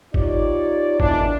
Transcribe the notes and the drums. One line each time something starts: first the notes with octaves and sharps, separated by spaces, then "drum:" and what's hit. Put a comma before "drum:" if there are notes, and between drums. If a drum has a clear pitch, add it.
D#4 F4 G4 C#5 D5, drum: kick G#1
E2 B2 E3 A#3 D4, drum: kick G#1